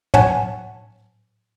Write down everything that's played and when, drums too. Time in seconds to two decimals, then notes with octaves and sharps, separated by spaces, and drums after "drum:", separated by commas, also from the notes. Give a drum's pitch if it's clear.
0.14 C#5 F#5 G#5 A5, drum: tom